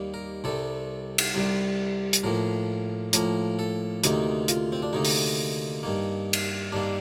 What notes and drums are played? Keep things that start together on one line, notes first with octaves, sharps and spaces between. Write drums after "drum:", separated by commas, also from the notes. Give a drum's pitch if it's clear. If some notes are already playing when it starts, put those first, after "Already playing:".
Already playing: D#2 D#3 G3 A#3
A#4
C2 C3 G3 A4
drum: cymbal
C2 C3 G3
drum: hi-hat
A2 F3 A#3 A#4
A2 F3 A#3 A#4, drum: hi-hat
A4
D2 C3 D#3 A#3 D#4, drum: hi-hat
F4, drum: hi-hat
C4
D4
D2 C3 D#3 A#3 D#4
drum: open hi-hat
G2 D#3 A#3
drum: cymbal
G2 D#3 A#3 D4